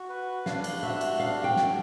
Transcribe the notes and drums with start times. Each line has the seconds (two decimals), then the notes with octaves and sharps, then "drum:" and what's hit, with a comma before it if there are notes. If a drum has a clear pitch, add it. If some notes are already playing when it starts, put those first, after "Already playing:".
Already playing: F#4
0.09 B4
0.46 D4 F5, drum: snare
0.64 drum: cymbal
0.83 F#4 E5
1.01 drum: cymbal
1.20 D4 F5
1.44 G5
1.56 F#4, drum: snare